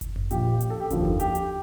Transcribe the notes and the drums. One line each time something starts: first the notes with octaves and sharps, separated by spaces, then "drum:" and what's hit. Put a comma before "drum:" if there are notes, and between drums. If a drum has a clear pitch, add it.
drum: kick F#1, hi-hat
drum: tom F2
A#1 A#2 F3 G4, drum: hi-hat
drum: hi-hat
A4
G4
D#2 D3 F3, drum: kick F#1, hi-hat
drum: tom F2
G4, drum: hi-hat
drum: hi-hat